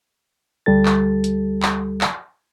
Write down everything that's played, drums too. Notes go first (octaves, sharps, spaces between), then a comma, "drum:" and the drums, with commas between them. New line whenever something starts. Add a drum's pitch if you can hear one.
D2 G3 G4 A4 A6
drum: clap
drum: hi-hat
drum: clap
drum: clap